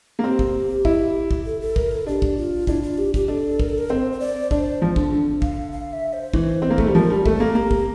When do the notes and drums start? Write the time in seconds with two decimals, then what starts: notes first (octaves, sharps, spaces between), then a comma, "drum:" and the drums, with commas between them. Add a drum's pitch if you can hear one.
0.19 A#3
0.24 C4 G4
0.39 drum: kick
0.85 E4, drum: kick
1.31 drum: kick
1.46 A4
1.61 A4
1.76 A#4, drum: kick
1.91 A4
2.06 D4 G4
2.22 drum: kick
2.37 F4
2.67 D4 E4, drum: kick
2.83 F4
2.98 G4
3.14 G4, drum: kick
3.28 D4 A4
3.60 A#4, drum: kick
3.69 A4
3.78 A#4
3.90 C4 C5
4.12 C5
4.20 D5
4.51 D4 C5, drum: kick
4.82 F3
4.96 D3, drum: kick
5.12 D3
5.42 F5, drum: kick
5.72 F5
5.93 E5
6.13 C5
6.34 E3, drum: kick
6.62 C4
6.70 A#3
6.78 A3, drum: kick
6.87 G3
6.95 F3 A#4
7.10 G3
7.26 A3 A4, drum: kick
7.40 A#3
7.55 A#3 G4
7.71 drum: kick